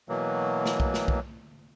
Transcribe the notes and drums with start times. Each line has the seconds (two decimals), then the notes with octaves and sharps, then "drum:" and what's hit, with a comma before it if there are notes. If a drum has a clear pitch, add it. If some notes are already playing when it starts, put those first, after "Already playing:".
0.09 B2 E3 F#3 A#3
0.66 drum: snare
0.80 drum: kick
0.94 drum: snare
1.08 drum: kick